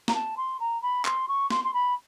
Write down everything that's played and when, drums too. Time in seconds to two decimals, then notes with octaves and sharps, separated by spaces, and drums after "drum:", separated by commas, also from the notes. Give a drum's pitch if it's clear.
0.08 A#5, drum: snare
0.14 A5
0.37 C6
0.60 A#5
0.82 B5
1.05 C6, drum: clap
1.28 C#6
1.50 C6, drum: snare
1.64 C6
1.73 B5